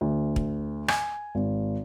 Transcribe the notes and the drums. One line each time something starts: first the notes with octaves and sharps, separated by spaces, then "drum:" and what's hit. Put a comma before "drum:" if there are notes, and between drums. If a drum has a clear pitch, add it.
D2
drum: kick
G#5, drum: rim click
G#1